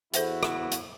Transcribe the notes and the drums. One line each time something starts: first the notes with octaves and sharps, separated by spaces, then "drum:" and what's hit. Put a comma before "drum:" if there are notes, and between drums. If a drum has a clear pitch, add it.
E2 E4 F#4 A4 C5 E5, drum: hi-hat
drum: rim click
drum: hi-hat